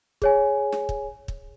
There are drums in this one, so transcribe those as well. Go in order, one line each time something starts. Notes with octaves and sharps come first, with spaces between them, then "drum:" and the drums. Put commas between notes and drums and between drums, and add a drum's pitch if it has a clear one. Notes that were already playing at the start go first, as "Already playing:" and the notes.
G#4 C#5 G#5, drum: kick
drum: snare
drum: kick
drum: kick